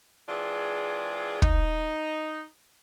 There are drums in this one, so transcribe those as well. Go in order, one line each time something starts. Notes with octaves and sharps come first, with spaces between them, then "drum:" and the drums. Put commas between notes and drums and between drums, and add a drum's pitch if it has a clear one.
E3 G#3 C4 D4 F4 G#4
D#4, drum: kick